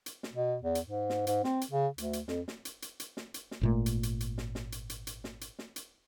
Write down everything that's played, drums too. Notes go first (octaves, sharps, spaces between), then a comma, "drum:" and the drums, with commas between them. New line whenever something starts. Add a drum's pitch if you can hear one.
drum: hi-hat
drum: snare
B2
E2
drum: hi-hat
G#2
drum: snare
G#2, drum: hi-hat
C4, drum: snare
drum: hi-hat
C#3
D2, drum: hi-hat
drum: hi-hat
F2, drum: snare
drum: snare
drum: hi-hat
drum: hi-hat
drum: hi-hat
drum: snare
drum: hi-hat
drum: snare
G#1 A#2 A3
drum: hi-hat
drum: hi-hat
drum: hi-hat
drum: snare
drum: snare
drum: hi-hat
drum: hi-hat
drum: hi-hat
drum: snare
drum: hi-hat
drum: snare
drum: hi-hat